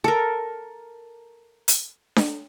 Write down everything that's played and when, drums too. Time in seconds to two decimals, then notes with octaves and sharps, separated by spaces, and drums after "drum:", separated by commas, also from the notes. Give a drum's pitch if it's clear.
0.04 A4 A#4
1.68 drum: hi-hat
2.16 drum: snare D4